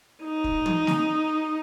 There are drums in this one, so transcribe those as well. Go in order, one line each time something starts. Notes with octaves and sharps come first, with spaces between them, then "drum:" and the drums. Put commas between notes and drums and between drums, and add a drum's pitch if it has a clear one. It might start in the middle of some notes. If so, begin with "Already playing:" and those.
D#4
drum: kick
drum: tom
drum: snare